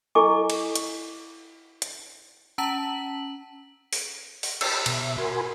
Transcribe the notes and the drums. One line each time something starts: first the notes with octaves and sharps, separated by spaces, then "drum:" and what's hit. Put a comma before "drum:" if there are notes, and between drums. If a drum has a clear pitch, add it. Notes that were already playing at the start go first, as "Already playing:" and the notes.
E4 A4 D#5 G#5 C#6 D6
drum: cymbal
drum: hi-hat
drum: hi-hat
C#4 A5 A#5 B6 F#7
drum: open hi-hat
drum: open hi-hat
G5 A5 B5 E6, drum: cymbal
B2 E5, drum: cymbal
F#4 A#4 G#5 B5 C6